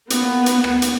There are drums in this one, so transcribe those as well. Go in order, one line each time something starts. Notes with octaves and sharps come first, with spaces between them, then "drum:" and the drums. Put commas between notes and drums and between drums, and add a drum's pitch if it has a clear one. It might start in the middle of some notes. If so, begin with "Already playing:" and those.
A#3 B3, drum: hi-hat
drum: hi-hat
drum: rim click
drum: hi-hat